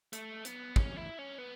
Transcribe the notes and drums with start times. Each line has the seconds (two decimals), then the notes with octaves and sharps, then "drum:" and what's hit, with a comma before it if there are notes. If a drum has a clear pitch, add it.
0.13 A3, drum: hi-hat
0.45 B3, drum: hi-hat
0.76 C#4, drum: kick
0.97 E4
1.19 C#4
1.38 B3